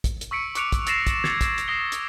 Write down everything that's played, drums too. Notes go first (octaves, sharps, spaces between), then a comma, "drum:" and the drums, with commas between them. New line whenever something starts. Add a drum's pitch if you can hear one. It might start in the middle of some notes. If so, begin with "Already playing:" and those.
drum: kick, hi-hat
drum: hi-hat
C#6 E6 B6 C#7 D7
C#6 D6 F#6 C#7 D7 F7, drum: hi-hat
drum: kick, hi-hat
E6 A6 A#6 C7 E7, drum: hi-hat
drum: kick, hi-hat
G#6 A6 C#7, drum: snare
drum: kick, hi-hat
drum: hi-hat
D#6 A#6 C7 D7 G7
drum: hi-hat